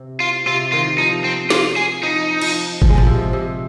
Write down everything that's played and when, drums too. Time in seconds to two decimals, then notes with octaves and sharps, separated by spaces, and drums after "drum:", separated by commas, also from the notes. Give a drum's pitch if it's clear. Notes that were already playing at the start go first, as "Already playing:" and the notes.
Already playing: C3
0.20 F4
0.46 C3 F4
0.72 D#3 F4
0.98 F3 D#4
1.24 C4
1.50 F4, drum: snare
1.76 G#4
2.03 F3 D#4
2.41 F3, drum: cymbal
2.82 F3, drum: kick G1
2.89 G#3
2.98 F3, drum: tom A2
3.07 C3
3.33 C3